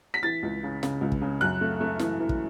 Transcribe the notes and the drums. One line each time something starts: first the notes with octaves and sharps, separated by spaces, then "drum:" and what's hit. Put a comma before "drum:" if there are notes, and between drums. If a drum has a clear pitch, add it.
B6
E3 A6
C#2
C#3
C#3, drum: snare
C#2
drum: kick
C#3
F#2 F#6
A3
A3
E3, drum: snare
E3
drum: kick